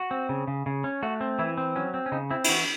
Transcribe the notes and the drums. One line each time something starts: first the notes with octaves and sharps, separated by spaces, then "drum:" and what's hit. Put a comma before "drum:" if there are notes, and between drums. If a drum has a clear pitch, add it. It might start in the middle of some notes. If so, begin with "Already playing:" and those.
Already playing: F#4
C4
C#3
C#3
C#3
C#4
A3 F#4
C4
E3 E4
C4
F#3 C#4
C4
C#4
C#3 D#4
C4 E4
E4, drum: cymbal
E3 F#4